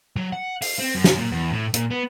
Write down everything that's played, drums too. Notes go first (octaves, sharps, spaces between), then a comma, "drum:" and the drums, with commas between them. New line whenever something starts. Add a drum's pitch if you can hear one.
F#3
F#5
F5, drum: open hi-hat
C4
F#2
drum: snare
A#2
E2
A2
A#2, drum: hi-hat
B3